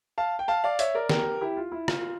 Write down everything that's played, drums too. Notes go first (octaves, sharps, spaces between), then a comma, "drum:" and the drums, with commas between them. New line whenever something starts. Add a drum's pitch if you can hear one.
F5 A5
G5
F5 A5
D5 F5
C#5 E5, drum: hi-hat
A#4 D5
G4 A#4, drum: snare
E4 G4
F4
E4
F4, drum: rim click